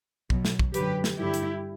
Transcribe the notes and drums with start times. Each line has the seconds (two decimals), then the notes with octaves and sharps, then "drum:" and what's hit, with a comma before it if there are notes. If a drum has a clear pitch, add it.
0.30 B2 F#3, drum: kick
0.45 drum: snare
0.59 drum: kick
0.74 F#2 D3 F#3 G4 B4, drum: hi-hat
1.04 drum: snare
1.18 G2 D3 G3 E4 G4
1.34 drum: hi-hat